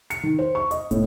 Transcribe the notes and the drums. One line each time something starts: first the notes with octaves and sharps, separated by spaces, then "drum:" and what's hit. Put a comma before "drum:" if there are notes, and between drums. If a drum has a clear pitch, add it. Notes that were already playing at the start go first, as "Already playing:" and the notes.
C#7, drum: hi-hat
D#3
C5
C#6
D#5, drum: hi-hat
A2, drum: kick, hi-hat